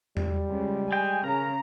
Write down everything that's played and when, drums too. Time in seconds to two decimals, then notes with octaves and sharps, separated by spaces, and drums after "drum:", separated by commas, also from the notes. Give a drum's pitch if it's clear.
0.17 G3, drum: tom E2
0.49 C#2
0.92 G#3 G5 G#5
1.24 C#3 A#4 A#5